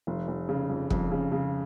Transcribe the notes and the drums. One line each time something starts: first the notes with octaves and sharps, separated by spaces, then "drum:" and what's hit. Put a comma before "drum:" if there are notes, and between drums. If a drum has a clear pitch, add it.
F1
F1
C#3
F2
F2, drum: kick
C#3
C#3